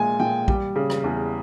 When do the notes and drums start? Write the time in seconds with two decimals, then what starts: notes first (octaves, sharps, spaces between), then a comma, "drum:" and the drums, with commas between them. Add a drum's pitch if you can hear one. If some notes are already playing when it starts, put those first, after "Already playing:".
Already playing: A#2 G#3 G#5
0.20 A#2 G5
0.48 G3, drum: kick A#1
0.76 C#3
0.90 drum: rim click
1.04 E2